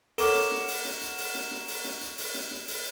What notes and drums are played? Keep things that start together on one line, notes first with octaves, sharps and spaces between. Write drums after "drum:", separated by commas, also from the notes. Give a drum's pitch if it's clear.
A4 A#4 C#5 F#5 D6 E7 G7, drum: open hi-hat
drum: snare
drum: snare
drum: open hi-hat
drum: snare
drum: hi-hat
drum: open hi-hat
drum: snare
drum: snare
drum: open hi-hat
drum: snare
drum: hi-hat
drum: open hi-hat
drum: snare
drum: snare
drum: open hi-hat